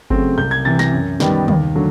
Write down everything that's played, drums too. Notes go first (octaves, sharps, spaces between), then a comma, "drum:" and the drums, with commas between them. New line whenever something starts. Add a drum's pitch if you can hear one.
C#3 F#3 A3 C4, drum: kick G1
C2 G6
G#6
C3 E3 A6
A#6, drum: snare
F#2
D#3 G3 B3, drum: snare
D#2, drum: tom
D3 F#3 A3